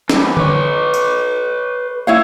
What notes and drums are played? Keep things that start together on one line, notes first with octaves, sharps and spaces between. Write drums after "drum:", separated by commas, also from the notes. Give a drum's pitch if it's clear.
E3 G3, drum: snare
B4 C#5, drum: tom D3
drum: tambourine
E4 C#5 F5